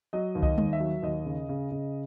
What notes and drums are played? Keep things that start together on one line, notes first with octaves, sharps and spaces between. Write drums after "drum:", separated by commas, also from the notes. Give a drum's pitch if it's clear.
F#3 D#5
D#2
D#5, drum: kick C2
D#2, drum: tom G3
E5
F#3
D#2 D#5
C#3
C#3
C#3